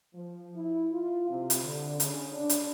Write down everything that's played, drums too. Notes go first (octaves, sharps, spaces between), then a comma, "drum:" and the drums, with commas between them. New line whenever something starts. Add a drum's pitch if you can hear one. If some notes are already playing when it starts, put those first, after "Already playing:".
F3
E4
F4
C3
drum: hi-hat
D3
C#3, drum: hi-hat
D4
drum: hi-hat